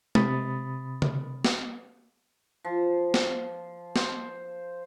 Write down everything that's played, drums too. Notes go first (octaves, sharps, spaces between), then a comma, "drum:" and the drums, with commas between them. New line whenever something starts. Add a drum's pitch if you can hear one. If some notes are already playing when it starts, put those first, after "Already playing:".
C3 B5 D#6 A6, drum: tom G#3
drum: tom C#3
drum: snare
F3
drum: snare
C5, drum: snare